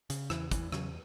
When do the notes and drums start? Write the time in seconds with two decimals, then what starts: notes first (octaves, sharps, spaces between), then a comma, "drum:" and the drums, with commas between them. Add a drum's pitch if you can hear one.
0.10 C#3, drum: hi-hat
0.30 E2 E3, drum: rim click
0.51 E2 E3, drum: kick, hi-hat
0.72 C#3 F#3, drum: rim click